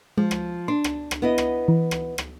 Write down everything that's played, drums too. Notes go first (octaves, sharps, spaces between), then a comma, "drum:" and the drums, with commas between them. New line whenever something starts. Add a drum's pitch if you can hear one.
F3 G#3
drum: rim click
D4 C6
drum: rim click
drum: rim click
B3 E4 D#5
drum: rim click
E3
drum: rim click
drum: rim click